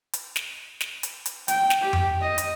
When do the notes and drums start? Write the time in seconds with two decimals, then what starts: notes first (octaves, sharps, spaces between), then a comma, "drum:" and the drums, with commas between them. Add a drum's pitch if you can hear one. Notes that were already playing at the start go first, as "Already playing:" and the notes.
0.13 drum: hi-hat
0.36 drum: snare
0.81 drum: snare
1.03 drum: hi-hat
1.26 drum: hi-hat
1.48 G5, drum: hi-hat
1.70 drum: snare
1.82 G4
1.93 drum: tom F2
2.21 D#5
2.38 drum: hi-hat